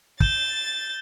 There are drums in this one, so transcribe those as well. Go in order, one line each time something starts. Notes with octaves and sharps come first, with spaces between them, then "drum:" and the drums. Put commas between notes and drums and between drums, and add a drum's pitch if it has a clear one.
G6 A6 E7 G7, drum: kick